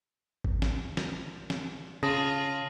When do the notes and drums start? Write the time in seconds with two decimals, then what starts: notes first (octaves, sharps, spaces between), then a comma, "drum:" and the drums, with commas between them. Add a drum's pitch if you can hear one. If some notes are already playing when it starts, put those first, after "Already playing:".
0.44 drum: kick G#1
0.62 drum: snare
0.97 drum: snare
1.50 drum: snare
2.03 C#3 F4 G#4 A5 D#6 A#6